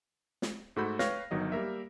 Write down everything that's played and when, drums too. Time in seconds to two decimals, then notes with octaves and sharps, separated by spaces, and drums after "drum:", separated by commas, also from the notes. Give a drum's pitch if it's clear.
0.42 drum: snare
0.76 G#2 A3 F#4 A4 B5 G6
0.99 B4 C#5 F5 G5 F6 A#6, drum: snare
1.31 G1 D#3 F#3 D#5
1.52 G3 A#3 A#4 E5